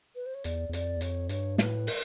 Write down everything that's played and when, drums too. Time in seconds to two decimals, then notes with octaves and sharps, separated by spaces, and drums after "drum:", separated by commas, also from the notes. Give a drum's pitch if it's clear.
0.15 B4
0.26 C5
0.34 C#5
0.44 E2 D5, drum: hi-hat
0.69 E2
0.73 F2 D5, drum: hi-hat
0.97 E2
1.01 F2 C#5, drum: hi-hat
1.29 G2 C#5, drum: hi-hat
1.58 A2 B4, drum: snare
1.87 A#4, drum: open hi-hat